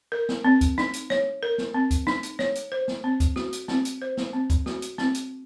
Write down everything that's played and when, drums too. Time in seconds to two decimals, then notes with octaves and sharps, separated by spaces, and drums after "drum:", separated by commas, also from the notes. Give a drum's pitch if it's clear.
0.12 A#4
0.29 drum: snare
0.45 C4
0.61 drum: kick C#2, hi-hat
0.78 D#4, drum: snare
0.93 drum: hi-hat
1.10 C#5, drum: snare
1.43 A#4
1.58 drum: snare
1.74 C4
1.91 drum: kick C#2, hi-hat
2.07 D#4, drum: snare
2.23 drum: hi-hat
2.39 C#5, drum: snare
2.55 drum: hi-hat
2.72 C5
2.88 drum: snare
3.04 C4
3.20 drum: kick C#2, hi-hat
3.36 F#4, drum: snare
3.53 drum: hi-hat
3.68 C4, drum: snare
3.85 drum: hi-hat
4.02 C5
4.17 drum: snare
4.33 C4
4.50 drum: kick C#2, hi-hat
4.66 F#4, drum: snare
4.82 drum: hi-hat
4.98 C4, drum: snare
5.15 drum: hi-hat